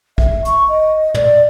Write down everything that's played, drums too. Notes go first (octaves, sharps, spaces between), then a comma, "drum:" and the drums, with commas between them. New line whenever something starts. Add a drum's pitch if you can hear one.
E5, drum: kick
C#6, drum: hi-hat
D#5
D5, drum: tom